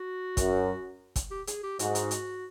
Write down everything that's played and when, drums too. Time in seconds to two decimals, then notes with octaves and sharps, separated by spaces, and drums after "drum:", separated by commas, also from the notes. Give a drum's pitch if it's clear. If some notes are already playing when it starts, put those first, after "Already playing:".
Already playing: F#4
0.37 F#2, drum: kick, hi-hat
1.16 drum: kick, hi-hat
1.31 G4
1.47 G#4, drum: hi-hat
1.63 G4
1.79 G#2 F#4, drum: hi-hat
1.95 drum: hi-hat
2.11 drum: hi-hat